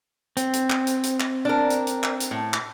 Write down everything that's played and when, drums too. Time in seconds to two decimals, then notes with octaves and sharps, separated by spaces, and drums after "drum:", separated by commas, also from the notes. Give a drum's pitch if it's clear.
0.37 C4, drum: hi-hat
0.53 drum: hi-hat
0.70 drum: clap
0.87 drum: hi-hat
1.03 drum: hi-hat
1.20 drum: clap
1.45 D4 A#4
1.70 drum: hi-hat
1.87 drum: hi-hat
2.03 drum: clap
2.20 drum: hi-hat
2.31 A2
2.54 drum: clap